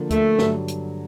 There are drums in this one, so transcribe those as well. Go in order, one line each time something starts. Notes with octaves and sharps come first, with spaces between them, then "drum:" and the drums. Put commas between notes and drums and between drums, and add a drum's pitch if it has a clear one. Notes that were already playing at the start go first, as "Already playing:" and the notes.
Already playing: D3 F3 A#3
A3, drum: kick D2, hi-hat
G2 D3 F#3, drum: snare
drum: hi-hat